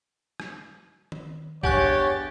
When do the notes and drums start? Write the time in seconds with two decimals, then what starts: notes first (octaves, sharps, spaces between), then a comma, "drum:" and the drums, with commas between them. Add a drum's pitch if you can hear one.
0.40 drum: rim click
1.12 drum: tom D#3
1.63 E2 G2 G4 C#5 F#5 G#5 F#6 A6, drum: kick